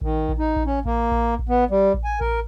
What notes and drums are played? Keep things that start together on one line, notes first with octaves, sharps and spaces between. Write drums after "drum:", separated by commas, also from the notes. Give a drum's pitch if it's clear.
D#3, drum: kick A1
drum: kick A1
D#4
drum: kick A1
C#4
A#3, drum: kick A1
drum: kick A1
drum: kick A1
B3
G3
drum: kick A1
G#5
A#4, drum: kick A1